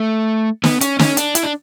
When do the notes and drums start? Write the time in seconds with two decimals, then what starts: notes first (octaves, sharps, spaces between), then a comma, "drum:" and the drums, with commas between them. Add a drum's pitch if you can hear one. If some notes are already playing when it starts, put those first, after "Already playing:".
Already playing: A3
0.64 B3, drum: snare
0.81 C#4, drum: hi-hat
0.99 C#4, drum: snare
1.17 D4, drum: hi-hat
1.35 E4, drum: hi-hat
1.43 D4